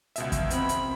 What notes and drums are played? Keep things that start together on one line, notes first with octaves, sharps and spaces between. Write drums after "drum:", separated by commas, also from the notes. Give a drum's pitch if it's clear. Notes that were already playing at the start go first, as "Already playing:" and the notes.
C#2 B2 E5, drum: hi-hat
drum: kick, hi-hat
C4 B5, drum: hi-hat
drum: hi-hat